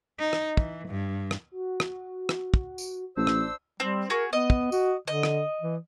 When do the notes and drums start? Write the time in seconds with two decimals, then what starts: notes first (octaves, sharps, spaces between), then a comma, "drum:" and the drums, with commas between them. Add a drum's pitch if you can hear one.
0.19 D#4
0.33 drum: rim click
0.57 E3, drum: kick
0.88 G2
1.31 drum: rim click
1.52 F#4
1.80 drum: rim click
2.29 drum: rim click
2.54 drum: kick
2.78 drum: tambourine
3.17 A1 D4 C5 E6
3.27 drum: rim click
3.80 G3 C4
4.10 F#4 G#4 A#4
4.33 B3 D#5
4.50 drum: kick
4.72 F#4, drum: tambourine
5.07 D3 D#5
5.23 drum: rim click
5.61 E3